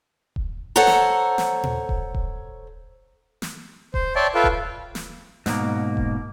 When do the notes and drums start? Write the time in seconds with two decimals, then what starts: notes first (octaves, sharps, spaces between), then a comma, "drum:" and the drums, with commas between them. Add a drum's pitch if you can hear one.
0.36 drum: kick D#1
0.76 A4 C5 C#5 F#5 A#5
0.87 drum: snare
1.38 drum: snare
1.63 drum: tom A#2
1.89 drum: kick D#1
2.14 drum: kick D#1
3.42 drum: snare
3.94 C5, drum: kick D#1
4.16 C#5 D5 E5 G5 A5 C6
4.35 F4 A4 B4 E5 F5 G5
4.44 drum: kick D#1
4.95 drum: snare
5.46 G#2 B2 A#3, drum: snare
5.97 drum: kick D#1